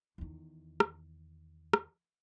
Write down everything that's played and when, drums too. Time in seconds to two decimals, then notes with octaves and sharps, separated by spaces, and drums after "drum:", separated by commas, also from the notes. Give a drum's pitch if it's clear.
0.18 E2 D#3
0.80 drum: rim click
1.73 drum: rim click